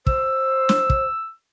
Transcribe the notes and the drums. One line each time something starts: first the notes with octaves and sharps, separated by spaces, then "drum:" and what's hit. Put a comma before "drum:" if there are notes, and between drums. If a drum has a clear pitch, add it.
C5 E6, drum: kick
drum: snare
drum: kick